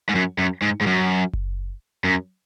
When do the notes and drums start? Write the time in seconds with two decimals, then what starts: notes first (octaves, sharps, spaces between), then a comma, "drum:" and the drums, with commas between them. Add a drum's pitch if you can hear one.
0.09 G#2
0.15 F#2
0.38 F#2
0.62 G#2
0.81 G#2
0.86 F#2
1.33 drum: kick F#1
2.05 F#2